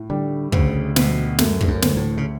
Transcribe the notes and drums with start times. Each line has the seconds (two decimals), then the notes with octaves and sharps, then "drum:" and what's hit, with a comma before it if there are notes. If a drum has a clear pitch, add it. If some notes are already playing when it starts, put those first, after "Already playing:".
Already playing: A2
0.10 D3 G3
0.52 D2 C#3, drum: kick
0.96 D2 B2, drum: snare
1.39 F#2 A3, drum: snare
1.61 G2, drum: kick
1.68 F#2
1.82 D2, drum: snare
1.97 A2
2.17 C#3